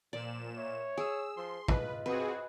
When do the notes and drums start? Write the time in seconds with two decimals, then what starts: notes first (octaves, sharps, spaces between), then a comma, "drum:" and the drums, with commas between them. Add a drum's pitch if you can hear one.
0.13 A#2 F3 D5 E7
0.57 C#5 E5
0.97 G#4 E6
1.37 F3 C5 C6
1.69 F4 B4 D#5, drum: kick
2.06 C4 F#4 G#4 B4